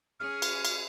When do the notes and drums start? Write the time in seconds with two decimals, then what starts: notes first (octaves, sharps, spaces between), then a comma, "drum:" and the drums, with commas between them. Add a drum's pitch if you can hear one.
0.20 C#4 G#4 F6
0.42 drum: cymbal
0.65 drum: cymbal